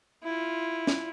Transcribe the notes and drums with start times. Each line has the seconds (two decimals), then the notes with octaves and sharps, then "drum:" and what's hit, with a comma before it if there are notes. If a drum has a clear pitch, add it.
0.23 E4 F4
0.87 drum: snare